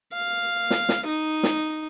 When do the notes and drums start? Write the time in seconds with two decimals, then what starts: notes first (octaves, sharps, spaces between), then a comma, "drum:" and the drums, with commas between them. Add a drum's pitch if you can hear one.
0.13 F5
0.70 drum: snare
0.89 drum: snare
1.07 D#4
1.43 drum: snare